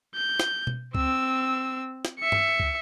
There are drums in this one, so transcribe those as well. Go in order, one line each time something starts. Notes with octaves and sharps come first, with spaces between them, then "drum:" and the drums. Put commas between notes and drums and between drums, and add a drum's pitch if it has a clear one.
G6
drum: snare
drum: tom B2
C4 E6, drum: kick
drum: snare
E5 C#7
drum: tom
drum: kick